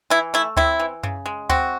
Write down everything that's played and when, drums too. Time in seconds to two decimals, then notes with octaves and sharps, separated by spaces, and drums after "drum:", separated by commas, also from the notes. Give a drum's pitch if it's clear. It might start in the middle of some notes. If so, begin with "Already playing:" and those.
0.10 E3 E4
0.34 A3 E4
0.57 C4 E4, drum: kick D2
0.79 E3
1.03 C#3, drum: tom F#2
1.26 G#3
1.49 C4 F#4, drum: kick D2